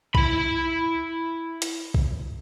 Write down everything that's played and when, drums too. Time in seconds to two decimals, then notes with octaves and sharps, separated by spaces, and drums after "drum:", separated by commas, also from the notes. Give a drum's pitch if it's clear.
0.15 E4 B5, drum: kick B1
1.62 drum: hi-hat
1.94 drum: kick B1